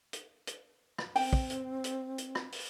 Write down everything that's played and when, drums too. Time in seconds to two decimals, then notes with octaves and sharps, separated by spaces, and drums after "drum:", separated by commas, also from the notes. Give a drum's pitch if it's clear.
0.13 drum: hi-hat
0.47 drum: hi-hat
0.98 drum: rim click
1.16 C4 G5, drum: open hi-hat
1.33 drum: kick
1.50 drum: hi-hat
1.84 drum: hi-hat
2.18 drum: hi-hat
2.35 drum: rim click
2.52 drum: open hi-hat